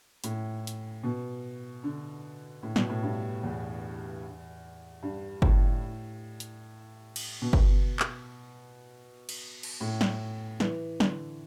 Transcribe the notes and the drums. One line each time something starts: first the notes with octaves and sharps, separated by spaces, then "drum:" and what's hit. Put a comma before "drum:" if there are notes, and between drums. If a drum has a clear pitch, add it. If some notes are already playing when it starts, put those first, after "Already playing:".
A2, drum: hi-hat
drum: hi-hat
B2
D3
A2
B2, drum: snare
A2
G2
E2
G2
A2, drum: kick G1
drum: hi-hat
drum: cymbal
B2
drum: kick G1
drum: clap
drum: cymbal
drum: cymbal
A2
drum: snare
E3, drum: snare
D3, drum: snare